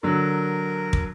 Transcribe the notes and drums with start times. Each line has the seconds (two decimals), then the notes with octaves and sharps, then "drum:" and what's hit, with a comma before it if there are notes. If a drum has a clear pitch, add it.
0.03 D3 F#3 A#4
0.93 drum: kick